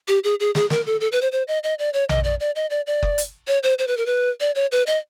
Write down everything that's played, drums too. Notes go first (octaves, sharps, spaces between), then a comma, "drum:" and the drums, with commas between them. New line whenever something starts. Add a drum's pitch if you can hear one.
G4
G#4
G#4
G#4, drum: snare
A#4, drum: snare
A4
A4
B4
C5
C5
D#5
D#5
D5
C#5
D#5, drum: tom A#1
D5
D5
D#5
D5
D5
drum: kick F#1
drum: hi-hat
C#5
C5
C5
B4
A#4
B4
D5
C#5
B4
D#5